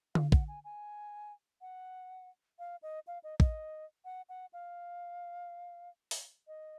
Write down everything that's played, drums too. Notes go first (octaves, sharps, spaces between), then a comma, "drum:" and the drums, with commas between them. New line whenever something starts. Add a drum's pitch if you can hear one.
F5, drum: tom D3
F#5, drum: kick
G#5
G#5
F#5
F5
D#5
F5
D#5
D#5, drum: kick
F#5
F#5
F5
drum: open hi-hat
D#5